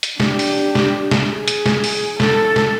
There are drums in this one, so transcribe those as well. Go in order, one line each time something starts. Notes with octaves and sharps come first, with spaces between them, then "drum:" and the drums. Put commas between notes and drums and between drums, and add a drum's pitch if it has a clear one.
drum: hi-hat
D4 G4, drum: snare
drum: open hi-hat
drum: snare
drum: snare
G#4
drum: hi-hat
drum: snare
drum: open hi-hat
A4, drum: snare
drum: snare